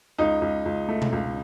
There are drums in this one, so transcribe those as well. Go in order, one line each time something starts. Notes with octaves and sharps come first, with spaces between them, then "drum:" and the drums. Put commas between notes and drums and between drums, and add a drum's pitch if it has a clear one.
C#2 D#4
C#2
C#2
A3
drum: tom B2
C#2